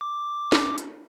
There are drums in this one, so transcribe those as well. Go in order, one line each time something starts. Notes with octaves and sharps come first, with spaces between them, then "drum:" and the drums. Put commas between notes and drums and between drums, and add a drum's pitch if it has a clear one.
D6
drum: snare
drum: hi-hat